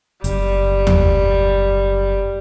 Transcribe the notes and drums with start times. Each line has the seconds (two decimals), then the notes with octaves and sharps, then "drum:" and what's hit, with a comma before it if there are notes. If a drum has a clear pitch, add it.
0.24 F#1 G3, drum: hi-hat
0.87 drum: tom D#2